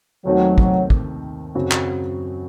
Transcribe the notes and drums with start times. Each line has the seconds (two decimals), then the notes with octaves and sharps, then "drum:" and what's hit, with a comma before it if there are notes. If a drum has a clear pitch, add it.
0.25 D#2 D#3 F#3 A3 C4 D#4
0.58 drum: kick
0.90 drum: kick
1.55 F#2 C#3 F#3 C4 F#4
1.71 drum: clap